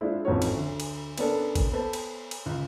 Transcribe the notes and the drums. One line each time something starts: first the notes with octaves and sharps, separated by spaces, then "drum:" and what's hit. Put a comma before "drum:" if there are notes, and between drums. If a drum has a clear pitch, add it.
G#3 D4 E4 F4 C5
A1 F2 G#2 C#4 F#4 C#5
drum: cymbal
D2
drum: cymbal
B3 C#4 D4 A4 A#4, drum: cymbal
drum: kick, cymbal
B3 A4 B4 C5 A5
drum: cymbal
drum: cymbal
C#2